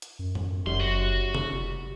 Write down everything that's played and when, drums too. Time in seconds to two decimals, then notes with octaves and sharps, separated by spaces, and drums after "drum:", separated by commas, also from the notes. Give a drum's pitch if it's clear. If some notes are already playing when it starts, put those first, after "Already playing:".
0.02 drum: hi-hat
0.19 F#2
0.35 drum: tom G2
0.66 F#1 F#2 G3 D#4 C6
0.80 F#4
1.35 drum: tom C3
1.52 F1 G3